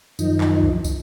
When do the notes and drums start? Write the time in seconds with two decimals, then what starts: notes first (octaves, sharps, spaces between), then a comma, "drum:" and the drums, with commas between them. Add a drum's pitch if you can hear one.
0.19 F#2 D#3 F3 D#4, drum: tambourine
0.41 drum: clap
0.63 drum: kick
0.84 drum: kick, tambourine